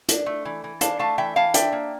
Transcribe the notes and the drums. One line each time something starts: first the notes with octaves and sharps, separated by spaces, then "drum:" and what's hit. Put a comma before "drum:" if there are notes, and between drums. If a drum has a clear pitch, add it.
D4, drum: hi-hat
A3
E3
E3
D4 F5 A5, drum: hi-hat
A3 F5 A5
E3 E5 G5
E3 F5 A5
D4 E5 G5, drum: hi-hat
A#3